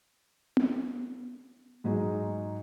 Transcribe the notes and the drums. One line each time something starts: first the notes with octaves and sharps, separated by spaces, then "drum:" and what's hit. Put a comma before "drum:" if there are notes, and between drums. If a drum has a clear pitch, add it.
drum: tom B3
G#2 F#3 G#3 D#4 G#4